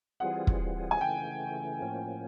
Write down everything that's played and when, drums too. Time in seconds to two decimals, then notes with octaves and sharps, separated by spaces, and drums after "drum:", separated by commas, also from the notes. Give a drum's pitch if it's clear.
0.20 E3 G3 C4 F4 G#4 F#5
0.47 drum: kick
0.91 G#5
1.01 C#3 E3 A3 G5
1.82 A2 F3 A#3 C#4